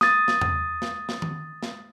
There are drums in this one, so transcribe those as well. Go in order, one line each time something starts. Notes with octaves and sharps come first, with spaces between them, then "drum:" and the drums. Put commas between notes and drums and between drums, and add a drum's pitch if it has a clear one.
D#6 A6, drum: snare
drum: snare
drum: tom E2
drum: snare
drum: snare
drum: tom D#3
drum: snare